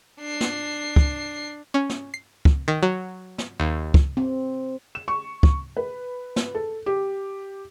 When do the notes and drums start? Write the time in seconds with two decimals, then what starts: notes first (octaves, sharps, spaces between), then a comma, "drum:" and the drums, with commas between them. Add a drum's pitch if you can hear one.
0.21 D4 C7
0.41 drum: snare
0.96 drum: kick
1.74 C#4
1.89 drum: snare
2.14 C7
2.45 drum: kick
2.68 D#3
2.83 F#3
3.38 drum: snare
3.60 D#2
3.94 drum: kick
4.17 C4
4.95 E7
5.08 C#6
5.43 drum: kick
5.77 B4
6.36 drum: snare
6.55 A4
6.86 G4